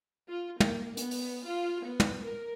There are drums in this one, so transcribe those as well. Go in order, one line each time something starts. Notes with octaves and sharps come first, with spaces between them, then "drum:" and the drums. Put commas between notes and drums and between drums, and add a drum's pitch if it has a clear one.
F4
A#3, drum: tom
B3, drum: hi-hat
drum: open hi-hat
F4
B3
drum: tom
A#4